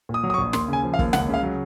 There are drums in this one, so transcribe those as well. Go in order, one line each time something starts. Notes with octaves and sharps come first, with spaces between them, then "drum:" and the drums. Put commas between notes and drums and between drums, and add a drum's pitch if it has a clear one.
A#2
D#6
F#3
D#6
C#6
A#1
D#2 C6, drum: snare
C#3 G#5
F3
F5
D#2, drum: kick
C#2 F#5, drum: snare
C#3 F5
F#3